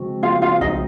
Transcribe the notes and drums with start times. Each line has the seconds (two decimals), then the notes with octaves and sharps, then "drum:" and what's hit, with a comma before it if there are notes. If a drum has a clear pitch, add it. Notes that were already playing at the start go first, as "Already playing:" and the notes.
Already playing: C#3 F3 G#3 C4 F#4
0.23 F4 F5
0.42 F4 F5
0.61 D#4 D#5, drum: kick B1